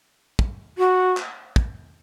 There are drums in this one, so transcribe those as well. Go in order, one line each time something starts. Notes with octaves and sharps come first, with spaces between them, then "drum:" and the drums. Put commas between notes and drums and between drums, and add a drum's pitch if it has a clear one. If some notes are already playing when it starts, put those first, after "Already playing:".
drum: kick
F#4
drum: clap
drum: kick